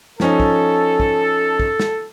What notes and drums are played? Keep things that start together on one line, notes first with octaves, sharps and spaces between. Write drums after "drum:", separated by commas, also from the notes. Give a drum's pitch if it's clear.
F3 C#4 D#4 A4, drum: snare
drum: kick
drum: kick
drum: kick
drum: snare